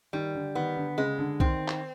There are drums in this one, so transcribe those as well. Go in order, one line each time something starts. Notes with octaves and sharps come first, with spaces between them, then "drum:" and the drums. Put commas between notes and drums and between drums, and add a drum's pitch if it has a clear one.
D#3 G3
D3
D#3 B3
D3
C#3 G#3
D3
D#3 C4, drum: kick B1
drum: clap